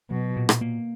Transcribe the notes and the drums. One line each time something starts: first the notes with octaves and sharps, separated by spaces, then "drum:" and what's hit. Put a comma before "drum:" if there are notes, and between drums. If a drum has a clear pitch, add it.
B2 F#3
A#2
drum: rim click
A#3